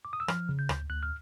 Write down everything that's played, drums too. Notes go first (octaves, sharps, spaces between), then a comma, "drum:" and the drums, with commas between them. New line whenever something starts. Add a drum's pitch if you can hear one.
D6
D#6
E6
F3 F6, drum: rim click
C#3
G6
D2, drum: rim click
D2 F#6
F6